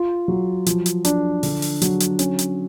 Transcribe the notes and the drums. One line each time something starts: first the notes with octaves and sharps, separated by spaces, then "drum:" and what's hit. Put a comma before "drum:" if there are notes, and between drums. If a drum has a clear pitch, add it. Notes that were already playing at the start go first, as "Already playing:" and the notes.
Already playing: F4
F#3
F3, drum: hi-hat
drum: hi-hat
D4, drum: hi-hat
D3, drum: open hi-hat
drum: open hi-hat
F#3, drum: hi-hat
drum: hi-hat
C#4, drum: hi-hat
drum: hi-hat